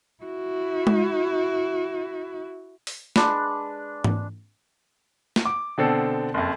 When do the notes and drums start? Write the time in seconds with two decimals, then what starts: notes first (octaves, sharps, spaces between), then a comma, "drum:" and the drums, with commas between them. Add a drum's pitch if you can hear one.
0.24 E4 F#4
0.87 drum: tom G#3
2.87 drum: open hi-hat
3.16 G#3 D4 B4, drum: snare
4.04 drum: tom G#2
5.36 drum: snare
5.45 D6
5.78 B2 D3 C4 A4
6.34 F#1 F2